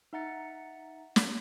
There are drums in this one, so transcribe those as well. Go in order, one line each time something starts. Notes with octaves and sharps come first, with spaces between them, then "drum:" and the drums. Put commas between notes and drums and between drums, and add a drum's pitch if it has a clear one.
D#4 E5 F#5 A#5 A6 C#7
drum: snare